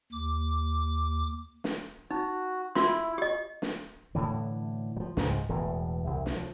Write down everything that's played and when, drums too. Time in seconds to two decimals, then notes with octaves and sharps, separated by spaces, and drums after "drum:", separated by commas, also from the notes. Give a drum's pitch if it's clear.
0.12 D#2 D6
1.64 drum: snare
2.11 D#4 F#4
2.75 E4 F4 C6, drum: snare
3.18 G4 D#5
3.62 drum: snare
4.15 A2 D3 E3
4.96 F3 F#3
5.17 C#2 G#2 G#3, drum: snare
5.49 E1 E2 A2
6.07 C2
6.26 drum: snare
6.37 F3